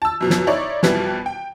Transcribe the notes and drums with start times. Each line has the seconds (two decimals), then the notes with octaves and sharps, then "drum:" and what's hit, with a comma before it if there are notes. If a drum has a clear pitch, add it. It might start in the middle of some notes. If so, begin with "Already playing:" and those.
0.02 A5 E6
0.21 F#2 B2 F3
0.30 drum: snare
0.47 D#4 E4 C#5 D5
0.83 F2 B2 E3 F3 G3, drum: snare
1.26 G5